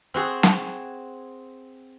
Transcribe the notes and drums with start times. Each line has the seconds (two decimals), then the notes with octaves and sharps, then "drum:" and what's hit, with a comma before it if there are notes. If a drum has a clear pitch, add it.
0.14 C4 F#4 G#4
0.43 drum: snare